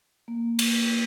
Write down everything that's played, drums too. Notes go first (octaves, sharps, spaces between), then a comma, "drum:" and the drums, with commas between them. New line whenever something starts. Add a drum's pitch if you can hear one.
A#3
drum: cymbal